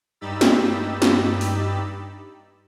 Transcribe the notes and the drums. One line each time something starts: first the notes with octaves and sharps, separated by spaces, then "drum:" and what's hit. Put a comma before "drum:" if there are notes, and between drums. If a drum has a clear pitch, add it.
G2 D#4 G4 B5 E6 A6
drum: snare
drum: snare
drum: open hi-hat